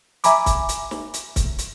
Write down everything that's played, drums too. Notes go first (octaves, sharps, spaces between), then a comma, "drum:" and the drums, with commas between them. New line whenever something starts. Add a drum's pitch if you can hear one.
E5 G#5 A#5 B5 D6, drum: hi-hat
drum: kick C#1, hi-hat
drum: hi-hat
drum: snare
drum: hi-hat
drum: kick C#1, hi-hat
drum: hi-hat